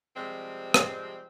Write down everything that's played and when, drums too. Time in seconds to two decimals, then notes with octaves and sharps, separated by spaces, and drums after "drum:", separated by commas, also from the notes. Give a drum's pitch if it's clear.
0.17 C3 F3 G3 G#3 C4
0.74 drum: rim click